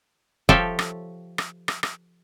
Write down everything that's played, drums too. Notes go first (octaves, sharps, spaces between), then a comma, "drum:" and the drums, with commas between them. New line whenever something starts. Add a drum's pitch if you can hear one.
F3 G4 A4 C#5 E5 F5, drum: kick
drum: rim click
drum: rim click
drum: rim click
drum: rim click